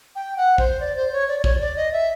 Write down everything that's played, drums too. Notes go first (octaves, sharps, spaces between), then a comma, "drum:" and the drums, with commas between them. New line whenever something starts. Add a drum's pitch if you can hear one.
G5
F#5
C5, drum: kick A#1
D5
C5
C#5
D5
D5
C#5, drum: kick A#1
C#5
D5
D#5
E5